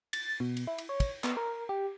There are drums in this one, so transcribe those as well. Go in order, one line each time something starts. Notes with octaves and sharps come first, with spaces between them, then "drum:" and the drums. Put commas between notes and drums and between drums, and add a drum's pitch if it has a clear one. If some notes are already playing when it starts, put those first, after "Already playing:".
A6, drum: cymbal
B2
drum: cymbal
E4
drum: cymbal
C#5
drum: kick, cymbal
B3, drum: clap
A#4
G4